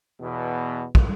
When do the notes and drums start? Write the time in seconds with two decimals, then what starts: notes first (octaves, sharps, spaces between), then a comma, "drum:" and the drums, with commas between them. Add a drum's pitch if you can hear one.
0.21 E2 B2
0.95 drum: kick